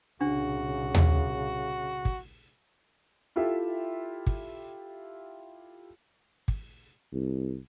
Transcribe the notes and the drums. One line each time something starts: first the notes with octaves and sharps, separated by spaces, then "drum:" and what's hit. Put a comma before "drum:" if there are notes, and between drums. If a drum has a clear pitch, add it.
C2 A#2 C#3 D4 F#4
drum: tom D#2
drum: kick
E4 F4 G4 A4 E5
drum: kick
drum: kick
C2